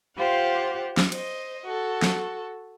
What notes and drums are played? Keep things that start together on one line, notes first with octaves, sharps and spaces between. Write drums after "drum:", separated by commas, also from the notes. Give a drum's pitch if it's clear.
F4 G4 C5 F5 F#5
drum: snare
C5 D#5, drum: cymbal
F#4 A4
drum: snare